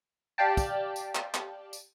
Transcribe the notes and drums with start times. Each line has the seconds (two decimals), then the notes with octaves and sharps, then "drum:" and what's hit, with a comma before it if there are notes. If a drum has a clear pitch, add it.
0.38 G4 D5 F5 G5 A5
0.57 drum: kick, tambourine
0.96 drum: tambourine
1.15 drum: clap
1.34 drum: clap
1.73 drum: tambourine